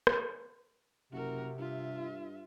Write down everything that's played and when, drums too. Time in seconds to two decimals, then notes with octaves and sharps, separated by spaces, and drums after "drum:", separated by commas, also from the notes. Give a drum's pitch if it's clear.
0.07 drum: rim click
1.12 F#1 C3 F#4 A#4
1.58 G2 F4 E5